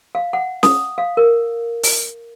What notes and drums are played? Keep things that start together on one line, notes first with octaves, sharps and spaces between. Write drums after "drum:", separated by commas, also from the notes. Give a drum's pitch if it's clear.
F5
F#5
D#6, drum: snare
F5
A#4
drum: open hi-hat